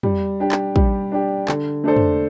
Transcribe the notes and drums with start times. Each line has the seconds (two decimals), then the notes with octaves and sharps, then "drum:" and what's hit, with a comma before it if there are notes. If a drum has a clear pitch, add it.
0.03 G3, drum: tom
0.40 D4 G4
0.52 drum: clap
0.76 G3, drum: kick
1.12 D4 G4
1.48 D3, drum: clap
1.84 A3 D4 A4 C5
1.96 drum: tom